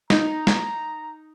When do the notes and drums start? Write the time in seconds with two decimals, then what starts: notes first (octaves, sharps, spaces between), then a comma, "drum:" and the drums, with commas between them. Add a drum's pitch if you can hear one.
0.10 D#4 A#5, drum: snare
0.47 drum: snare